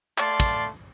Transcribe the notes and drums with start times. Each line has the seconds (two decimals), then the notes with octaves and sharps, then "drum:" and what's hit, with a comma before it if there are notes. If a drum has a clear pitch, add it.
0.18 A3 D5 F5 A5 C6, drum: clap
0.40 drum: kick, hi-hat